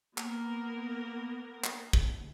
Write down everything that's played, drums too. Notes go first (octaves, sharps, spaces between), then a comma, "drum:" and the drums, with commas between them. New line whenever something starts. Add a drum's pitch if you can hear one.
A#3 B3 A#4, drum: clap
drum: clap
drum: kick